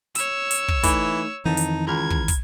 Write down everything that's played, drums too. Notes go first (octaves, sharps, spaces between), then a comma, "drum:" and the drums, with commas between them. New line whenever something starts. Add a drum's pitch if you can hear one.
C#5 E6, drum: hi-hat
drum: hi-hat
drum: kick
E3 A3 D#4, drum: kick, hi-hat
F2 D#3 E3 D#4 A5
drum: hi-hat
C#2 A#5 B5 F6 G#6
drum: kick
drum: kick, hi-hat